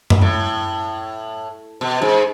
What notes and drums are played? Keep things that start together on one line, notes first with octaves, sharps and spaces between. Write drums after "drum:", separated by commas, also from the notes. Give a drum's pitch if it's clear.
drum: tom F#2
A2
B2
G#2